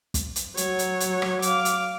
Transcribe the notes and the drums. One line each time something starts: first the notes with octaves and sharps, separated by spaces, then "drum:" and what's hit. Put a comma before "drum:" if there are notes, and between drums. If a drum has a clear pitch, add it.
drum: kick, hi-hat
drum: hi-hat
F#3 C#5, drum: hi-hat
drum: hi-hat
drum: hi-hat
drum: rim click
F5 D6, drum: hi-hat
drum: hi-hat